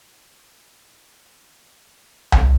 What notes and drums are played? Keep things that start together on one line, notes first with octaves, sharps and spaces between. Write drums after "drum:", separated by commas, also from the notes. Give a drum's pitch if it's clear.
D2 F3 C#4 F4 F#4 D5 D#5
G3 E4
drum: tom C2